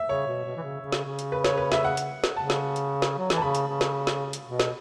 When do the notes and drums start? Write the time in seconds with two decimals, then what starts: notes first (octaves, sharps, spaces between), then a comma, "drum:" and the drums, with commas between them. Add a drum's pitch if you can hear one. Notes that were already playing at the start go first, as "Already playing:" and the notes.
Already playing: E5
0.09 C#3 C#5
0.27 B2
0.45 B2
0.56 E3
0.62 C#3
0.80 C#3
0.92 drum: snare
1.05 C#3
1.19 drum: hi-hat
1.32 B4
1.44 C#5, drum: snare
1.57 B4
1.72 E5, drum: snare
1.84 F#5
1.97 drum: hi-hat
2.24 drum: snare
2.36 C#3 A5
2.50 drum: snare
2.76 drum: hi-hat
3.02 drum: snare
3.18 F#3
3.30 E3, drum: snare
3.37 A5
3.42 C#3 B5
3.55 drum: hi-hat
3.68 C#3
3.81 drum: snare
4.07 drum: snare
4.33 drum: hi-hat
4.46 B2
4.60 drum: snare